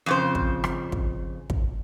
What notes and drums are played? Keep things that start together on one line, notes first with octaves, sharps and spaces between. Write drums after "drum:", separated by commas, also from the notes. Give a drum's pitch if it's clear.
F2 C#3 C5
drum: kick
drum: rim click
drum: kick
drum: kick